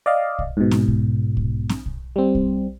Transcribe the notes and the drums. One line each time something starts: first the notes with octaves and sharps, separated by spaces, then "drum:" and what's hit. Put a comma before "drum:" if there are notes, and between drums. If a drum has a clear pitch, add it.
D5 D#5 F5
drum: kick
G#2 B2
drum: snare
drum: kick
drum: kick
drum: snare
drum: kick
G3 C4
drum: kick